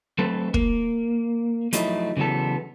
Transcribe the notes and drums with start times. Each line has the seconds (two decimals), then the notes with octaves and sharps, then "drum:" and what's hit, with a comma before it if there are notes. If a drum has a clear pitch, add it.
0.18 F#3 A3 C4 A4 B4
0.54 A#3, drum: kick
1.73 F3 F#3 A3 D#4 E4, drum: hi-hat
2.17 C#3 E3 F#3 B3 A4